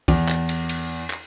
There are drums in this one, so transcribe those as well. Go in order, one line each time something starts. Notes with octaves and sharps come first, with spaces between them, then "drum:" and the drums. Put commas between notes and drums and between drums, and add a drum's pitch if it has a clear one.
E2, drum: kick, cymbal
drum: clap
drum: cymbal
drum: cymbal
drum: clap